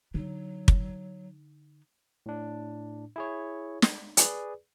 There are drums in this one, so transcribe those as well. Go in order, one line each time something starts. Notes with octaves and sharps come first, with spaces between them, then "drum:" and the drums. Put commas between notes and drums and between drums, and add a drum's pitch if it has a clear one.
D3 F#3 D#4
drum: kick
A2 D4
E4 G#4 C#5
drum: snare
G#4 B4 D5, drum: hi-hat